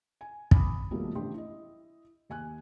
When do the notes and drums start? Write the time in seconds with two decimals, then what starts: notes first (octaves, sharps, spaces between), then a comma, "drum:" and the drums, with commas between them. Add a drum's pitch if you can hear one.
0.21 G#5
0.51 G#5 B5 D6 D#6, drum: kick
0.91 B2 D#3 F3 G3 A3 A#3
1.15 A1 D4 G4 G5 C6
1.34 E4 D#5
2.30 D#2 G#5 F#6